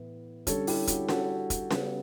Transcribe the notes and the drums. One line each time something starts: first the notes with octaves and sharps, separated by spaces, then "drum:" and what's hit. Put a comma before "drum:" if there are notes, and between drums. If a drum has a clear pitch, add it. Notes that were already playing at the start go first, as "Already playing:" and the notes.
Already playing: A2 E3 B3
D3 G3 C#4 A4 C#5, drum: kick, hi-hat
E4 G4, drum: open hi-hat
F#4, drum: kick, hi-hat
F#4 A4, drum: snare C#4
drum: kick, hi-hat
C#3 G3 B3, drum: snare C#4